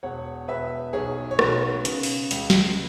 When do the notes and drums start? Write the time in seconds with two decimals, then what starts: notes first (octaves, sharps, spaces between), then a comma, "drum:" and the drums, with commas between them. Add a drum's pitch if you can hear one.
0.03 E1 C#5 F#5
0.48 E1 B4 E5
0.93 B1 G#4 C#5
1.31 C#5
1.39 B1 F#4 B4, drum: rim click
1.85 C#3, drum: hi-hat
2.03 drum: open hi-hat
2.31 C#2, drum: hi-hat
2.50 drum: snare